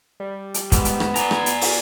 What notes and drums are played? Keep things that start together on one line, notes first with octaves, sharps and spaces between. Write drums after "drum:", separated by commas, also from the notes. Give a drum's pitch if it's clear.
G3
drum: hi-hat
G#2 B3, drum: kick, hi-hat
drum: hi-hat
drum: rim click
D5 G#5 A#5, drum: hi-hat
drum: rim click
drum: hi-hat
drum: open hi-hat